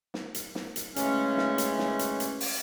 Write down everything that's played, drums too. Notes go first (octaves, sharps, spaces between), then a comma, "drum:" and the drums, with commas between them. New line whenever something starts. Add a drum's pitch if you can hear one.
drum: snare
drum: hi-hat
drum: snare
drum: hi-hat
C#3 E3 G#3 A3 C#4, drum: hi-hat
drum: snare
drum: hi-hat
drum: snare
drum: hi-hat
drum: hi-hat
drum: open hi-hat